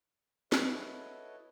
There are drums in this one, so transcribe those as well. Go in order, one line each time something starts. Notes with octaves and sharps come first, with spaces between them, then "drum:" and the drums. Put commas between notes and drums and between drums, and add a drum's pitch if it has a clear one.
E4 F#4 A4 B4 C#5 D#5, drum: snare